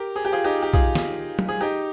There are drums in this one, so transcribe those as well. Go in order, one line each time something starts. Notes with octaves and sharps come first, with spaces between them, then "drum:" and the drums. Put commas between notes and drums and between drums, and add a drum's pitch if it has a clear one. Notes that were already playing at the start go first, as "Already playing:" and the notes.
Already playing: G4 A#4
G#4
G4
F4 G#4
D#4 G4
G4
F4 G#4, drum: kick B1
drum: snare D#3
drum: tom F#3
G#4
D#4 G4